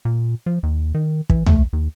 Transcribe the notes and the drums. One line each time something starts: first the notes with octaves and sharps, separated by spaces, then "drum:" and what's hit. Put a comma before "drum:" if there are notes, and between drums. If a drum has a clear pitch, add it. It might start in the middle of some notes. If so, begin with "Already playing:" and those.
A#2
F3
D#2
D#3
E3, drum: kick
A3, drum: tom
D#2